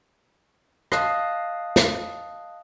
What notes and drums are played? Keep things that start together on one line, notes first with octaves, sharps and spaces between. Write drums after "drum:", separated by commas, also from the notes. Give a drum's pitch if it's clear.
D#5 F5 A5 D#6 F#6 C7, drum: rim click
drum: snare